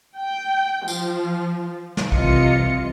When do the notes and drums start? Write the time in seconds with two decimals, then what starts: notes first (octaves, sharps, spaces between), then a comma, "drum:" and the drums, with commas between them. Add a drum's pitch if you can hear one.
0.16 G5
0.88 F3, drum: tambourine
1.97 drum: snare
2.12 C2 C3 E3 F4 D#5 C#7, drum: kick A#1